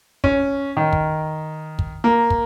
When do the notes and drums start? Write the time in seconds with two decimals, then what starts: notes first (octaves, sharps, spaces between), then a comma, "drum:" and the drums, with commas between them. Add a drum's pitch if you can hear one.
0.24 C#4, drum: kick
0.77 D#3
0.93 drum: kick
1.79 drum: kick
2.04 A#3
2.30 drum: kick